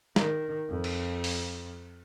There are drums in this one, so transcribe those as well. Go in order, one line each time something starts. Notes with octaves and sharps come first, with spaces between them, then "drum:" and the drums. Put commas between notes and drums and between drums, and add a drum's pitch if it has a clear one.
D#3, drum: snare
F2
drum: cymbal
drum: open hi-hat